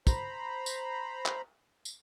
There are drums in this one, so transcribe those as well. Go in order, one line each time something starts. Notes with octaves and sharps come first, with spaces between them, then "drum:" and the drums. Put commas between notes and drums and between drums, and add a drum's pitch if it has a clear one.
C5 A#5 B5, drum: kick, tambourine
drum: tambourine
drum: clap
drum: tambourine